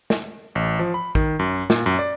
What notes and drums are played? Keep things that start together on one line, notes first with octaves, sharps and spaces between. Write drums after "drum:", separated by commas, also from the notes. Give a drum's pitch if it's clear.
drum: snare
A1
F3
B5
D#3, drum: kick A1
F#2
A#2, drum: snare
F#2
D5